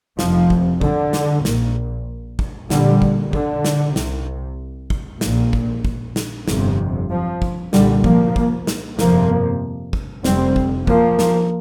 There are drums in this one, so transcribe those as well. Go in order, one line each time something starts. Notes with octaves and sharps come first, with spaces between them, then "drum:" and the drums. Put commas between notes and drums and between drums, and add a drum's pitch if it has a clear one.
F1 F2 C3 F3, drum: snare
drum: kick
D3, drum: kick
drum: snare
A#1 A#2, drum: snare
drum: kick
A#1 A#2 D3 G3, drum: snare
drum: kick
D3, drum: kick
drum: snare
C2 C3, drum: snare
drum: kick
A#1 A#2, drum: snare
drum: kick
drum: kick
drum: snare
G1 F2 C3, drum: snare
F3
drum: kick
C2 A#2 D3 G3, drum: snare
F3 A#3, drum: kick
drum: kick
drum: snare
G1 F2 C3 F3 A#3, drum: snare
drum: kick
F1 F2 C3 G3 C4, drum: snare
drum: kick
F3 A#3, drum: kick
drum: snare